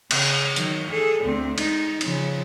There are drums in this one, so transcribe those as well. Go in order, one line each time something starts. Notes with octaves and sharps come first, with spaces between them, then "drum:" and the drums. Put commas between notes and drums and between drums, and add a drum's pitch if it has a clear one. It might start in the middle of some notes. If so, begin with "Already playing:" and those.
C#3, drum: cymbal
D#3 F#3, drum: hi-hat
G#4 A4
D2 C4
G#3 D#4, drum: cymbal
C#3 F3, drum: cymbal